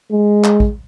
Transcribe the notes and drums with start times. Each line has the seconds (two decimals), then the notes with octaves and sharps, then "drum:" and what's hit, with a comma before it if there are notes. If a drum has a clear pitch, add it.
0.12 G#3
0.44 drum: clap
0.60 drum: kick